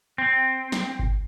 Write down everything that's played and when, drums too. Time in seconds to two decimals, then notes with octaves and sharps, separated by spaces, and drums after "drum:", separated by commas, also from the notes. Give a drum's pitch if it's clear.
0.18 C4
0.72 drum: snare
0.99 drum: kick G1